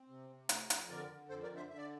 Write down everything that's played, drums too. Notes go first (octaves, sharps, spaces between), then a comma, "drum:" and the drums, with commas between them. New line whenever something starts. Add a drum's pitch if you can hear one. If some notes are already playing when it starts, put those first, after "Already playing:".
Already playing: C4
C3
C3
A3, drum: hi-hat
F2, drum: hi-hat
D3 A#4 D5
D3
F2 A4 C5
A#4 D5
D3
C5 E5
D3 E5
D5